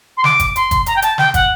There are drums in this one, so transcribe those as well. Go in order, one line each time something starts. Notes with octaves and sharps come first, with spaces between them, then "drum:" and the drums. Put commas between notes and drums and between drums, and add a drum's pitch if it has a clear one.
C6
D6, drum: snare
drum: kick, hi-hat
C6, drum: hi-hat
drum: kick, hi-hat
A#5, drum: hi-hat
G5
A5, drum: hi-hat
G5, drum: snare
F#5, drum: kick, hi-hat